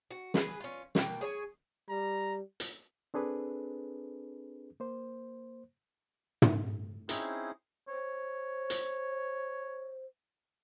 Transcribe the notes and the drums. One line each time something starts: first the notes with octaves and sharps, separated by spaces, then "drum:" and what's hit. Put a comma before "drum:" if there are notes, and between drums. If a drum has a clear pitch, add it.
F#4
G#4 B4, drum: snare
C#4 F4
B2 A#3 G5, drum: snare
G#4 C#5 G#5
G3 A#5
drum: hi-hat
C4 D4 G#4 A4 B4
A#3 C5
drum: tom
C4 C#4 D#4 E4 G#4, drum: hi-hat
C5 C#5
drum: hi-hat